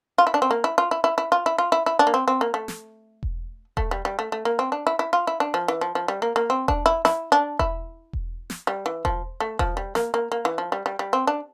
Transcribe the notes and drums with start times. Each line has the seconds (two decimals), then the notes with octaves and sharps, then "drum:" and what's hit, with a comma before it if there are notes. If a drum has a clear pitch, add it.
0.18 F4
0.27 E4
0.34 D4
0.42 C4
0.51 A#3
0.64 E4
0.78 F4
0.91 E4
1.04 E4
1.18 E4
1.32 F4
1.46 E4
1.58 F4
1.72 E4
1.86 E4
1.99 D4
2.07 A#3
2.14 C4
2.28 C4
2.41 A#3
2.54 A3
2.68 drum: snare
3.23 drum: kick E1
3.77 A3, drum: kick E1
3.91 G3
4.05 G3
4.19 A3
4.32 A3
4.45 A#3
4.59 C4
4.72 D4
4.87 E4
4.99 E4
5.13 F4
5.27 E4
5.40 D4
5.54 F3
5.68 E3
5.81 F3
5.95 F3
6.08 G3
6.22 A#3
6.36 A#3
6.50 C4
6.68 D4, drum: kick E1
6.86 E4
7.05 E4, drum: snare
7.32 D4
7.59 E4, drum: kick E1
8.13 drum: kick E1
8.50 drum: snare
8.67 G3
8.86 E3
9.05 F3, drum: kick E1
9.40 A3
9.59 F3, drum: kick E1
9.77 G3
9.95 A#3, drum: snare
10.14 A#3
10.32 A#3
10.45 E3
10.58 F3
10.72 G3
10.86 G3
10.99 G3
11.13 C4
11.27 D4